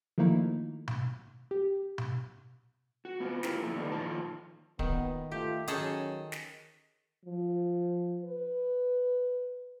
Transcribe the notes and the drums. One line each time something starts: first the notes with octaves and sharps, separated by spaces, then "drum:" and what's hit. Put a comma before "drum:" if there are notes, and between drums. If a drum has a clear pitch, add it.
D#3 F3 A3 A#3 D#4 E4
drum: tom B2
G4
drum: tom B2
F#4
B3 C4 F4
E4 F4 G4 A#4, drum: snare
F3 A3 A#3 E4
D#3 G3 A3 B3 D4 D#4
A#2 D#3 F3 A5
A#2 D#3 B3, drum: kick
A3 F4 G4
D#3 F#3 C#4 G#4 A4, drum: hi-hat
drum: snare
F3
B4